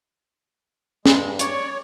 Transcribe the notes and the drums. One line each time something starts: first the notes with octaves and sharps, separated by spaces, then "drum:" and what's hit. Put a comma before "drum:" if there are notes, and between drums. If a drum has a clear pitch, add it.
G2 G#3, drum: snare
C#5 D5 C#6, drum: hi-hat